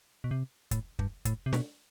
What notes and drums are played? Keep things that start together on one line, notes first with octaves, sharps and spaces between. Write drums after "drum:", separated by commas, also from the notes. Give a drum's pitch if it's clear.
B2
C3
A2, drum: kick, hi-hat
G2, drum: kick
A2, drum: kick, hi-hat
C3
B2, drum: snare